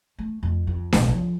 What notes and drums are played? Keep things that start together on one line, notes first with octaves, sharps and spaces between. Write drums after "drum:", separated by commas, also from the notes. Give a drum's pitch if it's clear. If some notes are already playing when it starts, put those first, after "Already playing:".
A3
F2 A3
F2
B1 A2, drum: snare D4
E3 F3